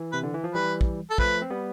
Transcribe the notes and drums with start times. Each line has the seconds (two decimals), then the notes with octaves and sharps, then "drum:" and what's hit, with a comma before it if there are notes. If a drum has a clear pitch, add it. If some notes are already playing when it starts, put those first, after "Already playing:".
Already playing: E3
0.12 C3 B4
0.23 D3
0.34 E3
0.44 F3
0.55 E3 G3 B4
0.81 drum: kick
1.10 A4
1.18 F3 A3 B4, drum: kick
1.42 C4
1.50 G3 B3